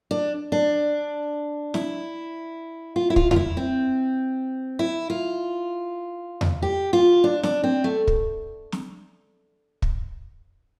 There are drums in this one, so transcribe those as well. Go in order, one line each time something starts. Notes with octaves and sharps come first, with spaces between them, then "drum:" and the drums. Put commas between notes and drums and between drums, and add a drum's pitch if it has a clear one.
D4
D4
E4, drum: snare
F4
E4
F4, drum: kick
F4, drum: tom E2
E4
C4
E4
F4
drum: tom E2
G4
F4
D4
D4, drum: snare
C4
A3
drum: kick
drum: snare
drum: kick